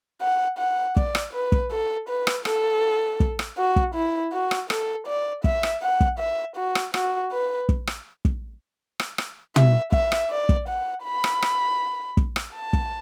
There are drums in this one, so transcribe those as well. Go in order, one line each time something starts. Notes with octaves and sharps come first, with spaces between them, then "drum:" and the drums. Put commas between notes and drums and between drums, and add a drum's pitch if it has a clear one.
F#5
F#5
D5, drum: kick
drum: rim click
B4
drum: kick
A4
B4
drum: rim click
A4, drum: rim click
drum: kick
drum: rim click
F#4
drum: kick
E4
F#4
drum: rim click
A4, drum: rim click
D5
E5, drum: kick
drum: rim click
F#5
drum: kick
E5
F#4
drum: rim click
F#4, drum: rim click
B4
drum: kick
drum: rim click
drum: kick
drum: rim click
drum: rim click
E5, drum: tom
E5, drum: kick
drum: rim click
D5
drum: kick
F#5
B5
drum: rim click
drum: rim click
drum: kick
drum: rim click
A5
drum: kick